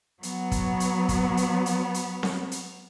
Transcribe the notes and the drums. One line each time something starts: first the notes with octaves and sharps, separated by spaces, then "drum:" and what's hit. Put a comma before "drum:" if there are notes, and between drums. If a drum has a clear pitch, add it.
F#3 B3, drum: hi-hat
drum: kick, hi-hat
drum: hi-hat
drum: kick, hi-hat
drum: hi-hat
drum: hi-hat
drum: hi-hat
drum: snare C4
drum: hi-hat